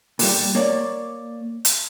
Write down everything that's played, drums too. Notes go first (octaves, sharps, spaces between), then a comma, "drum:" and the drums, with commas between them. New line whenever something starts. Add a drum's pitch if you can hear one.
A#2 G3, drum: open hi-hat
A#3 C#5 D5
drum: hi-hat